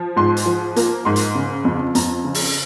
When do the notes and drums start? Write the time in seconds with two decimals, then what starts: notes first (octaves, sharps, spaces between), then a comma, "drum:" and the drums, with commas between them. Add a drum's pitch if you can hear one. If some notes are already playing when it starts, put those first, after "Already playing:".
Already playing: F3
0.17 G#2 C6
0.37 drum: hi-hat
0.46 F3
0.76 A#3, drum: hi-hat
1.05 G#2 C6
1.16 drum: hi-hat
1.35 C#3
1.65 F2
1.95 F2 A#5, drum: hi-hat
2.24 C#3
2.34 drum: open hi-hat